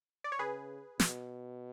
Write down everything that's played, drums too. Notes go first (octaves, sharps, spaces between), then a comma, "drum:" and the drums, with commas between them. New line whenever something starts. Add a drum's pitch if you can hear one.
D5
C#5
C#3 G#4 B4
B2, drum: snare